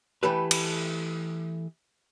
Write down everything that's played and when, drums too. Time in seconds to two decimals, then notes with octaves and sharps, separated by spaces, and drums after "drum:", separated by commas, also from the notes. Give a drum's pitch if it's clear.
0.23 E3 A3 G4 A4 B4
0.51 drum: cymbal